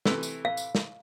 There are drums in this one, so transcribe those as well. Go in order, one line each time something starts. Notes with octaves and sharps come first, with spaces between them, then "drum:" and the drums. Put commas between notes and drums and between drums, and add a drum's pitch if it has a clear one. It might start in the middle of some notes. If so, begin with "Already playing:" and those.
C3 E3 A3, drum: snare
drum: tambourine
F5
drum: tambourine
drum: snare